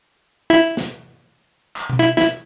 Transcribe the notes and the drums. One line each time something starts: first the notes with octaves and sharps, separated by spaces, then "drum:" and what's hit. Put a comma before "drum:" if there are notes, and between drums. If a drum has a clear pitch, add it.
E4
drum: snare
drum: clap
drum: tom B2
E4
E4, drum: snare